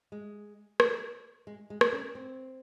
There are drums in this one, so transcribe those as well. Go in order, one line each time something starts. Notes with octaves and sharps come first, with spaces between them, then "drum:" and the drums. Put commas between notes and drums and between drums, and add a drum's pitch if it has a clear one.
G#3
drum: rim click
G#3
G#3
drum: rim click
C#4
C4